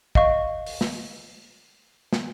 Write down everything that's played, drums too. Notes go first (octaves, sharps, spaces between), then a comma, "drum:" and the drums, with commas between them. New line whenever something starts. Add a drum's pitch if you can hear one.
D#5 F5 C#6, drum: kick
drum: open hi-hat
drum: snare
drum: snare